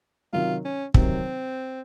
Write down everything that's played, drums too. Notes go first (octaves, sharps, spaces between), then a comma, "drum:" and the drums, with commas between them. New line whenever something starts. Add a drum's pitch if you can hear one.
C3 D#3 F#3 F4
C#4
C3 D#3 F#3 C4, drum: kick